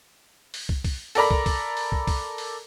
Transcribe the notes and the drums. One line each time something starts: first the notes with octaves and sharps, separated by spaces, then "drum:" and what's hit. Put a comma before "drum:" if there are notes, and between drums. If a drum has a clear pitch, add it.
drum: open hi-hat
drum: kick
drum: kick, open hi-hat
A4 A#4 D5 A#5 B5, drum: open hi-hat
drum: kick
drum: kick, open hi-hat
drum: open hi-hat
drum: kick
drum: kick, open hi-hat
drum: open hi-hat